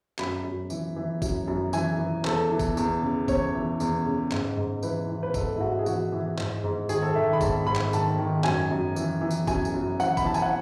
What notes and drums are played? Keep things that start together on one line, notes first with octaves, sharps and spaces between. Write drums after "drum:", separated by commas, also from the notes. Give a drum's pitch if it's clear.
F#2 B5, drum: clap
F#2
E3, drum: tambourine
E3
F#2, drum: kick G1, tambourine
F#2
E3 G#5, drum: tambourine
E3
E2 A4, drum: clap
E3
drum: kick G1, tambourine
E2, drum: tambourine
C#3
E2 C#5, drum: kick G1, tambourine
E3
E2, drum: tambourine
C#3
G#2, drum: clap
G#2
E3 B4, drum: tambourine
E3
B4
G#2 A4, drum: kick G1, tambourine
E4
G#2 F#4
G#4
E3 F#4, drum: tambourine
E3
G#2, drum: clap
G#2
D#3 G#4, drum: tambourine
A4
D#3 E5
B5
G#2 A5, drum: kick G1, tambourine
G#2 B5
drum: clap
D#3 A5, drum: tambourine
D#3
F#2 G#5, drum: clap
F#2
E3, drum: tambourine
E3
drum: tambourine
F#2 G#5, drum: kick G1, tambourine
drum: tambourine
F#2
E3 F#5, drum: tambourine
B5, drum: kick G1, tambourine
E3 A5
G#5, drum: tambourine
F#5